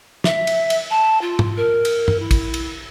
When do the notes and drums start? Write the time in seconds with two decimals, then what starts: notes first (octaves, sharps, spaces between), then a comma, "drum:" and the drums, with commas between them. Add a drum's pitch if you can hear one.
0.24 E5, drum: snare
0.47 drum: cymbal
0.70 drum: cymbal
0.90 A5
1.21 F4
1.39 drum: tom G#2
1.57 A#4
1.85 drum: cymbal
2.08 drum: tom G2
2.19 E4
2.31 drum: kick, cymbal
2.54 drum: cymbal